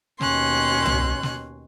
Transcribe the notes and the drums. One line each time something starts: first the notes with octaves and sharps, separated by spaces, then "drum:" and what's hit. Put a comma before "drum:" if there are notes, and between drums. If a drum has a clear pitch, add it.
D#2 B2 C#4 C6 F#6, drum: snare
drum: tom C2
drum: snare